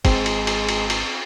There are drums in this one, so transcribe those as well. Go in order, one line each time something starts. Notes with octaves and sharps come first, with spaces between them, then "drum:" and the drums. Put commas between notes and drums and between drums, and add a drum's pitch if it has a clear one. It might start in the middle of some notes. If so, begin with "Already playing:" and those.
G#1 G#3 C4, drum: kick G1, cymbal
drum: cymbal
drum: cymbal
drum: cymbal
drum: cymbal